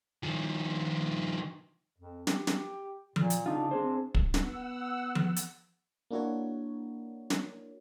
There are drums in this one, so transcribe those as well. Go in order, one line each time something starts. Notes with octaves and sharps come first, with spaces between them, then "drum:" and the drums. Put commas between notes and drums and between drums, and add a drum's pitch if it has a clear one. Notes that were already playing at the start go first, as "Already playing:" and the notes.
D#3 F3
F2
G4, drum: snare
drum: snare
A#2, drum: tom F3
drum: hi-hat
C#3 D4 D#4 F4
C4 G#4 C5
drum: kick
B3 F#5 E6, drum: snare
drum: tom F3
drum: hi-hat
A#3 D4 E4 F#4 A#4 C#5
drum: snare